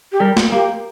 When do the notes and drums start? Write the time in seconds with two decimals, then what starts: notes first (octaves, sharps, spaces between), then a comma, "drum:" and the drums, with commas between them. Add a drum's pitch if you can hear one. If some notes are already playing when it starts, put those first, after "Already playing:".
0.12 G4
0.20 G3 A#4
0.37 drum: snare
0.52 A#3 G4